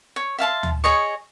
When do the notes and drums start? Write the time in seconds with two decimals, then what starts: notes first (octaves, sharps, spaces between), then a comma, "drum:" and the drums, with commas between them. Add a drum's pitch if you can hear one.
0.16 C#5
0.39 E5 F5 A5 C6
0.63 drum: tom D2
0.84 G#4 C#5 D#5 C#6